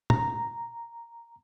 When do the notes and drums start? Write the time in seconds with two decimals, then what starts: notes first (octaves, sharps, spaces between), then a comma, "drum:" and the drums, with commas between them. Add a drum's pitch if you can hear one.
0.10 A#5, drum: tom A#2